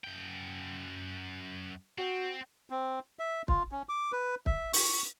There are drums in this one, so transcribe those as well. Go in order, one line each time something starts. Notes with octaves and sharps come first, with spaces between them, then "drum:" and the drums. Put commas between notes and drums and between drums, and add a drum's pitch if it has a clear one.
F#2 G5
C4 F#4
C4
E5
F4, drum: kick
C#4
D6
B4
E5, drum: kick
C#6, drum: open hi-hat